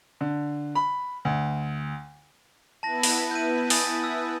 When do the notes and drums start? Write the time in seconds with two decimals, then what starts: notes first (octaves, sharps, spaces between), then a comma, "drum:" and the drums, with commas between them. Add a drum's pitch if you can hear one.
0.21 D3
0.75 B5
1.25 D2
2.83 B3 E4 B4 A5 A#6
3.03 drum: open hi-hat
3.31 G6 D#7
3.70 G#5 D#6 A6, drum: open hi-hat
4.04 E6